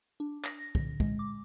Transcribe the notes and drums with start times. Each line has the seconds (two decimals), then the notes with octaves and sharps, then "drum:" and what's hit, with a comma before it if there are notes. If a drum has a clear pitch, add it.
0.20 D4
0.45 A#6, drum: clap
0.75 D3, drum: kick
1.00 G#3, drum: kick
1.19 D6